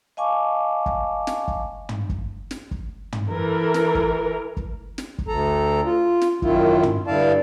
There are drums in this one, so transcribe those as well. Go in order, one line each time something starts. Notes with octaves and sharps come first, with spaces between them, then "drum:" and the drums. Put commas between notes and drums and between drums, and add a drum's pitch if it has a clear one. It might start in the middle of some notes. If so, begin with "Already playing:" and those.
D#5 F5 G#5 A5 C#6 D6
drum: kick
drum: snare
drum: kick
drum: tom
drum: kick
drum: snare
drum: kick
drum: tom
E3 A4 A#4
drum: snare
drum: kick
drum: kick
drum: snare
drum: kick
D2 A4 A#5
F4
drum: snare
F#2 D#3 E4 F4, drum: kick
drum: tom
G2 D3 E4 D5 F5 A5